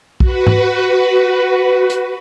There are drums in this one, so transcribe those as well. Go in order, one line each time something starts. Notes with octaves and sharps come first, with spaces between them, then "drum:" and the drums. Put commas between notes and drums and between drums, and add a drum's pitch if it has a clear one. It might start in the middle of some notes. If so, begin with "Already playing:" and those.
F#4 B4, drum: kick B1
drum: tom G#2
drum: hi-hat